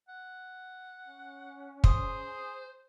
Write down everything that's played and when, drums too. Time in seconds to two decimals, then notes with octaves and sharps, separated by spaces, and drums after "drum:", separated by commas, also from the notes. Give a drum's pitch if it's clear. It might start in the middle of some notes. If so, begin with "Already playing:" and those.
0.09 F#5
1.04 C#4
1.84 G#4 C5 C6 D#6, drum: kick